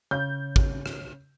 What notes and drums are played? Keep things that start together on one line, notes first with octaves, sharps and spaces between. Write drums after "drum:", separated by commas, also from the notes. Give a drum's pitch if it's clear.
C#3 G6
drum: kick G#1
drum: rim click